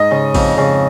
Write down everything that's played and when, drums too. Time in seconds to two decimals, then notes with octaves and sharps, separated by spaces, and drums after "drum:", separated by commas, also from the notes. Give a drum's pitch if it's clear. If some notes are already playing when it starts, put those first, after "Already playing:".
Already playing: G#2 D#5
0.11 C#3
0.34 F2, drum: kick A#1, open hi-hat
0.57 C#3